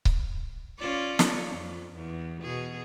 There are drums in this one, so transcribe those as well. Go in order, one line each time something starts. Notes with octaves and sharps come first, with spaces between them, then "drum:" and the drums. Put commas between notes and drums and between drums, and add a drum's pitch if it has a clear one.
drum: kick C#1
C#4 F4 D5
drum: snare
F2
E2
B2 G#4